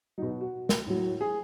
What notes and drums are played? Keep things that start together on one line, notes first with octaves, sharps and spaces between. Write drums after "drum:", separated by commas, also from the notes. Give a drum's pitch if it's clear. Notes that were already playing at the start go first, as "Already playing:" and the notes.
B2 F#3 D#4
F#4
F#4
drum: snare
A2 F#3
G#4